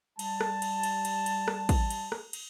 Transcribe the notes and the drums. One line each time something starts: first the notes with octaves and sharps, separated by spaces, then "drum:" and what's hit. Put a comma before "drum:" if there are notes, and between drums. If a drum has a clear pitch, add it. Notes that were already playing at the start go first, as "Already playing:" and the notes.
G3 A5, drum: cymbal
drum: rim click
drum: cymbal
drum: cymbal
drum: cymbal
drum: cymbal
drum: rim click
drum: kick, cymbal
drum: cymbal
drum: rim click
drum: cymbal